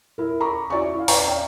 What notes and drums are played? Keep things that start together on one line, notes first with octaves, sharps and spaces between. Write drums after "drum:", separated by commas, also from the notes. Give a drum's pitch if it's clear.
E4 A#4
A#5 B5 C#6 D6
E4 F#4 D5 E5 G#5 C#6
E4 F5
B4 D5 F5 G#5 A#5 C#6, drum: open hi-hat
D5 E5 F5 G5 C#6